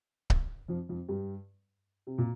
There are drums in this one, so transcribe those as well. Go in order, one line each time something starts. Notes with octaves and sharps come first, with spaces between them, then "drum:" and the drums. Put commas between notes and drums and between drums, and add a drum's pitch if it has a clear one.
drum: kick C#1
F2 F3
F2 F3
G2 G3
C3
A#2